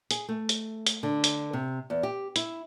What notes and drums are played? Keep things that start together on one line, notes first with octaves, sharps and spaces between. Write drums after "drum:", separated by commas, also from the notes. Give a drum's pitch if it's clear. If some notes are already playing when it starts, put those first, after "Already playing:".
G#4, drum: hi-hat
A3
drum: hi-hat
drum: hi-hat
D3
drum: hi-hat
C3
E2
G4
E4, drum: hi-hat